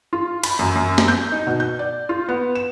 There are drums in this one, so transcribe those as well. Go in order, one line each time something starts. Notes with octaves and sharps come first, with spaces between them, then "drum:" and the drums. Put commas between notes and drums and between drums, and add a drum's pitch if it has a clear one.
F4
B5, drum: cymbal
F#2
F#2
drum: snare
G6
D#4
B2
G6
D5
F4
B3
E7